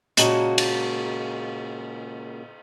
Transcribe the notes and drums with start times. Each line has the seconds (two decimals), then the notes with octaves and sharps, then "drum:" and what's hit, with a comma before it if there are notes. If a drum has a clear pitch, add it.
0.17 A#2 C#3 G#3 A#3 F#4 A5, drum: hi-hat
0.58 drum: cymbal